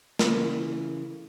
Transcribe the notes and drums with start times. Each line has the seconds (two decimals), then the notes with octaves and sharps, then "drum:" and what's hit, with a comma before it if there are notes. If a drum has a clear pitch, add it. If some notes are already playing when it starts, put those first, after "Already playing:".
0.19 C#3 E3 A3 A#3 C#4, drum: snare